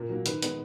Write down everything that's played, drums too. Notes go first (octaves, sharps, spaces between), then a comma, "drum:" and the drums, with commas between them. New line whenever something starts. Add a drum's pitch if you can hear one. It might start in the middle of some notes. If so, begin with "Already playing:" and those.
Already playing: A#2 A#4
F#3 A#3
D#3 B4, drum: hi-hat
G#3 B3, drum: hi-hat